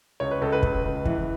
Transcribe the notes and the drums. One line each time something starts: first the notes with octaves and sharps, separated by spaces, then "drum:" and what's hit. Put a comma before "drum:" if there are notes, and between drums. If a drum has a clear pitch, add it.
C#2 C#5
B4
C#2 A4
B4
C#2, drum: kick
C#2
E3, drum: kick